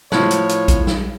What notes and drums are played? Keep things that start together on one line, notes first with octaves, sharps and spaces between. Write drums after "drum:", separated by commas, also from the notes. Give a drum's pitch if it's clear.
A2 F3 C#5, drum: snare
drum: hi-hat
drum: hi-hat
drum: kick A#1, hi-hat
drum: snare